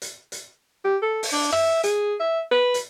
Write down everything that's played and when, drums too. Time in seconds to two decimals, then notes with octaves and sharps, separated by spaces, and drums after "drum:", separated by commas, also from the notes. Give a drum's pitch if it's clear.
0.02 drum: hi-hat
0.32 drum: hi-hat
0.84 G4
1.02 A4
1.23 drum: open hi-hat
1.32 D4
1.52 E5, drum: rim click
1.83 G#4, drum: hi-hat
2.20 E5
2.52 B4
2.74 drum: hi-hat